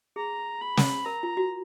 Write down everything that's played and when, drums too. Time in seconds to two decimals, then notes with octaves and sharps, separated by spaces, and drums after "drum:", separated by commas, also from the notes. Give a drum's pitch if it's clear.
0.16 G#4 A#5
0.61 B5
0.77 drum: snare
1.05 A#4 A#5
1.23 F4
1.37 F#4